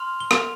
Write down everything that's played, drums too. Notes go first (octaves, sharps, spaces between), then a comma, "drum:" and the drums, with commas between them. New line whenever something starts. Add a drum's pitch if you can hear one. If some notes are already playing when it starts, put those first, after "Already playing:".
Already playing: C6 F6 F7
G7
F7, drum: rim click